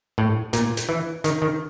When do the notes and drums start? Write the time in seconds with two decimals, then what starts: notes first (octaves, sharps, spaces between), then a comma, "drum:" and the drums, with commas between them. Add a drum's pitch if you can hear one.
0.18 A2
0.53 A#2, drum: hi-hat
0.77 drum: hi-hat
0.89 E3
1.24 D#3, drum: hi-hat
1.42 D#3